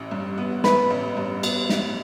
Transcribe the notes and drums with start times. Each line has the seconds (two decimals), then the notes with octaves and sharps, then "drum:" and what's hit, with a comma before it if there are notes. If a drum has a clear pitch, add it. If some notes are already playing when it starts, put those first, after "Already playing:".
Already playing: A1 E3
0.11 G2
0.38 B3
0.64 E3 B4, drum: snare
0.90 A1
1.17 G2
1.43 B3, drum: cymbal
1.69 E3, drum: snare